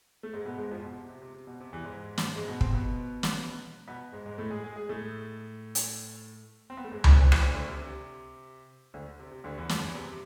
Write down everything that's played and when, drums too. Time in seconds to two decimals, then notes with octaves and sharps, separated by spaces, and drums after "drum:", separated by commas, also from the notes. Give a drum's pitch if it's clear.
0.23 A3
0.33 G#2 G#3
0.45 B2 B3
0.58 G#2 G#3
0.71 F2 F3
0.84 B2
0.96 C3
1.09 C3
1.22 C3
1.34 C3
1.47 B2
1.60 C3
1.72 E2 E3
1.85 G#2 G#3
2.18 drum: snare
2.35 G#2 G#3
2.48 B2 B3
2.61 C3 C4, drum: kick
2.73 B2 B3
3.23 drum: snare
3.88 B2 B3
4.13 G#2 G#3
4.26 G#2 G#3
4.38 A2 A3
4.50 G#3 G#4
4.64 G#3 G#4
4.76 G#3 G#4
4.89 A2 A3
5.75 drum: hi-hat
6.70 C4
6.77 B3
6.84 A3
6.91 G#2 G#3
7.04 E2 E3, drum: tom C#2
7.16 D2 D3
7.32 E3, drum: rim click
7.42 D2 D3
7.54 D2 D3
7.68 C3
7.80 C3
8.94 D2 D3
9.19 C3
9.31 C3
9.44 D2 D3
9.58 E2 E3
9.69 F2 F3, drum: snare
9.83 E2 E3
9.95 C3
10.07 C3